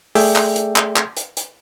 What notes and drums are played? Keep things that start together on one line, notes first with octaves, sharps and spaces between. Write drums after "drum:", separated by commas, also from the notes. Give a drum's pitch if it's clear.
A3 G#4 A4 D5 E5 G5, drum: open hi-hat
drum: clap
drum: hi-hat
drum: clap
drum: clap
drum: hi-hat
drum: hi-hat